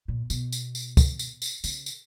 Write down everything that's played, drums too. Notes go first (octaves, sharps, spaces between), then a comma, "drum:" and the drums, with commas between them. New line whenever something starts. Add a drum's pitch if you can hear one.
A#2
B2, drum: tambourine
drum: tambourine
drum: tambourine
drum: kick, tambourine
drum: tambourine
drum: tambourine
C#3, drum: tambourine
drum: tambourine